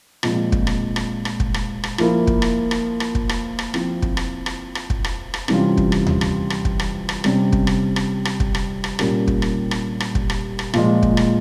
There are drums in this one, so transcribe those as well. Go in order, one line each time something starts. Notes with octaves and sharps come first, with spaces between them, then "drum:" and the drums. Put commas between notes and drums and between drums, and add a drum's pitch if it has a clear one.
A#2 F3 G#3 C4, drum: rim click
drum: kick
drum: rim click
drum: rim click
drum: rim click
drum: kick
drum: rim click
drum: rim click
F3 A#3 E4, drum: rim click
drum: kick
drum: rim click
drum: rim click
drum: rim click
drum: kick
drum: rim click
drum: rim click
F3 C4 E4, drum: rim click
drum: kick
drum: rim click
drum: rim click
drum: rim click
drum: kick
drum: rim click
drum: rim click
C3 E3 G3 C#4 F4, drum: rim click
drum: kick
drum: rim click
drum: tom D2
drum: rim click
drum: rim click
drum: kick
drum: rim click
drum: rim click
C3 G3 C#4, drum: rim click
drum: kick
drum: rim click
drum: rim click
drum: rim click
drum: kick
drum: rim click
drum: rim click
A#2 G3 C#4 G4 A#4, drum: rim click
drum: kick
drum: rim click
drum: rim click
drum: rim click
drum: kick
drum: rim click
drum: rim click
A#2 F3 G#3, drum: rim click
drum: kick
drum: rim click